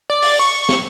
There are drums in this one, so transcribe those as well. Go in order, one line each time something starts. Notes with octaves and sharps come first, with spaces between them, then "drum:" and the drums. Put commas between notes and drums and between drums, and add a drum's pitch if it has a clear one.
D5
drum: open hi-hat
C#6
drum: snare